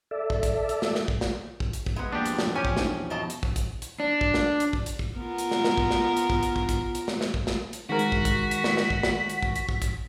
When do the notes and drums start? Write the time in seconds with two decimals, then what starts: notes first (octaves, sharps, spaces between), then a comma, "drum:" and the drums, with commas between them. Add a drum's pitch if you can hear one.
0.11 A4 D5 E5
0.30 drum: kick
0.43 drum: kick, hi-hat
0.69 drum: hi-hat
0.82 drum: snare
0.95 drum: snare
1.08 drum: kick
1.21 drum: snare
1.60 drum: kick
1.73 drum: hi-hat
1.86 drum: kick
1.96 G#3 B3
2.12 E2 F3 A#3 D4 G4
2.26 drum: hi-hat
2.39 drum: snare
2.55 C#4 G4 G#5
2.65 drum: kick
2.77 D4 D#4 C5, drum: snare
3.10 B2 D#5 A5
3.30 drum: hi-hat
3.43 drum: kick
3.56 drum: kick, hi-hat
3.82 drum: hi-hat
4.00 D4
4.21 drum: kick
4.34 drum: snare
4.60 drum: hi-hat
4.73 drum: kick
4.86 drum: hi-hat
4.99 drum: kick
5.16 B3 F4 A#4
5.38 drum: hi-hat
5.51 drum: snare
5.64 drum: snare
5.78 drum: kick
5.91 drum: snare
6.17 drum: hi-hat
6.30 drum: kick
6.43 drum: hi-hat
6.56 drum: kick
6.69 drum: kick, hi-hat
6.95 drum: hi-hat
7.08 drum: snare
7.21 drum: snare
7.34 drum: kick
7.47 drum: snare
7.73 drum: hi-hat
7.89 D#3 G#3 F#4 A#4 B6
7.99 drum: hi-hat
8.12 drum: kick
8.25 drum: kick, hi-hat
8.51 drum: hi-hat
8.64 drum: snare
8.77 drum: snare
8.90 drum: kick
9.03 drum: snare
9.29 drum: hi-hat
9.43 drum: kick
9.56 drum: hi-hat
9.69 drum: kick
9.82 drum: kick, hi-hat